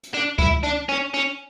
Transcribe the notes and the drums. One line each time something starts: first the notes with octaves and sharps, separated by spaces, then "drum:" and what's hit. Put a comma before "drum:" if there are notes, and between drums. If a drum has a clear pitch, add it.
drum: hi-hat
D4
E4, drum: kick C#2
D4
C#4
C#4